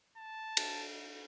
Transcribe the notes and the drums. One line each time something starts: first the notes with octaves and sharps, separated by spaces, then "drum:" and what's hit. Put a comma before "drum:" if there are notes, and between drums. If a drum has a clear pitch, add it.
A5
drum: cymbal